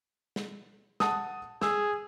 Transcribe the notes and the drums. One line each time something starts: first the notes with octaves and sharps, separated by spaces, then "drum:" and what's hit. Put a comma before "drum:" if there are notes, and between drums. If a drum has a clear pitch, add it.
drum: snare
F#5 A5 D#6, drum: snare
G#4 E6, drum: snare